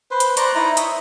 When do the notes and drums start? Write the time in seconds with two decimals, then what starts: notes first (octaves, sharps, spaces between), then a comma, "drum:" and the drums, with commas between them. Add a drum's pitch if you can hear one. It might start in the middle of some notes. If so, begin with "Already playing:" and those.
0.11 B4 C5
0.20 drum: hi-hat
0.37 C5 D5 A#5 C#6, drum: hi-hat
0.55 D#4 E4 A#5
0.77 C#5 E5 D#6, drum: hi-hat